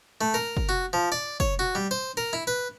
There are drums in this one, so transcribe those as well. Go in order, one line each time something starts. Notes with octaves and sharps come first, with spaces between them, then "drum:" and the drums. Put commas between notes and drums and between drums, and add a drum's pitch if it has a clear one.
A3
A#4
drum: kick
F#4
F3
D5
C#5, drum: kick
F#4
G3
C5
A#4
E4
B4